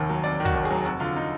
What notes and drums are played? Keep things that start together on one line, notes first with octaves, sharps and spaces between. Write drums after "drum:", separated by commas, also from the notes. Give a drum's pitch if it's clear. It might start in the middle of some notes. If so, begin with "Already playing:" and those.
Already playing: F1 D#2 D#3
F#3
F1 D5, drum: hi-hat
D#3
F#4, drum: kick, hi-hat
D#2
G#4, drum: hi-hat
F#3
F1 F#4, drum: hi-hat
D3 F4
D#4